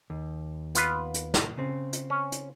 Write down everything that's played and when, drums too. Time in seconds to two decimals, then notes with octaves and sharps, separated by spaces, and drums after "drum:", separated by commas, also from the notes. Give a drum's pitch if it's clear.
0.10 D#2
0.75 B3 F4 B4, drum: hi-hat
1.14 drum: hi-hat
1.34 drum: snare
1.58 C#3 C4
1.93 drum: hi-hat
2.10 C#4
2.32 drum: hi-hat